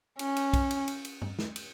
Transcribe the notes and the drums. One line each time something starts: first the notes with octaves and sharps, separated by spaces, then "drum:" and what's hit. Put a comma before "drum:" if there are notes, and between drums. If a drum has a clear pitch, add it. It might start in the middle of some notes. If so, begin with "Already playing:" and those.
C#4, drum: cymbal
drum: cymbal
drum: kick B1, cymbal
drum: cymbal
drum: cymbal
drum: cymbal
drum: tom G2
drum: snare
drum: cymbal